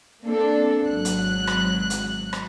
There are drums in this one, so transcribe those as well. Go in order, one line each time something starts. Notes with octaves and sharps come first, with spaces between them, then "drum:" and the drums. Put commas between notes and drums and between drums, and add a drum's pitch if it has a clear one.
A#3 C4 D4 A4
G#1 F#3 F#6
drum: hi-hat
drum: rim click
drum: hi-hat
drum: rim click